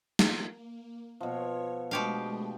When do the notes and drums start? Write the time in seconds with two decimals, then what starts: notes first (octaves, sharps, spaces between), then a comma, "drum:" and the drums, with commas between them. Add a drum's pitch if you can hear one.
0.19 A#3, drum: snare
1.21 B2 F3 C#5
1.91 B2 G#3 A3 D4 G4 F5 G5 C6